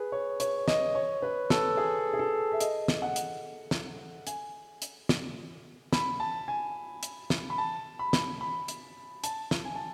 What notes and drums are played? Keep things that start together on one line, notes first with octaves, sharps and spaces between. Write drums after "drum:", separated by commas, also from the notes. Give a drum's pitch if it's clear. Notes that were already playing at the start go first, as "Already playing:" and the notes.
Already playing: G#4 B4
C#5
C#5, drum: hi-hat
D#5, drum: snare
C#5
B4
A4, drum: snare
G#4
G#4
A4
E5
D#5, drum: hi-hat
drum: snare
F#5
drum: hi-hat
drum: snare
G#5, drum: hi-hat
drum: hi-hat
drum: snare
B5, drum: snare
A5
G#5
drum: hi-hat
drum: snare
B5
A5
B5
drum: snare
B5
drum: hi-hat
A5, drum: hi-hat
drum: snare
G#5
A5